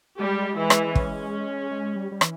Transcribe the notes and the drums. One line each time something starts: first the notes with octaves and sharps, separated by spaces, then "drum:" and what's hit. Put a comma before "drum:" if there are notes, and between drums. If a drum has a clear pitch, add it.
G3 G#3 G4
E3 E4
drum: rim click
C#4, drum: kick
G#3
G3
G3
E3, drum: rim click